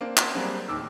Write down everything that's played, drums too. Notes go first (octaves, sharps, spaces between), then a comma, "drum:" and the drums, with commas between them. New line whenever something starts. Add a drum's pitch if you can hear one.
A#3 C4 D4
C4 C#4 F#4 A#4 C5, drum: clap
F#3 G3 A#3 C4 D4 G#4
D1 D#2 D#3 D6 E6